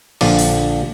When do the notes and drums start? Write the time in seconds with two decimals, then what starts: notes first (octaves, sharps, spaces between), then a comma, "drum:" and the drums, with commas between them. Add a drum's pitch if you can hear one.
0.21 A#1 D3 F3 D5, drum: cymbal
0.39 drum: open hi-hat